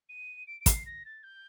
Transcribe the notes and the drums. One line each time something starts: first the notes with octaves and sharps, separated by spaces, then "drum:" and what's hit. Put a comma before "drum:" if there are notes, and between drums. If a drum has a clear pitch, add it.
D#7
D7
D7
C7, drum: kick, hi-hat
A#6
A6
G6